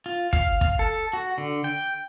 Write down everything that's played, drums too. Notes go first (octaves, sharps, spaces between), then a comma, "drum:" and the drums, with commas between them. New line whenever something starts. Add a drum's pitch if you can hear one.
F4
F5, drum: kick
drum: kick
A4
F#4
D3
G5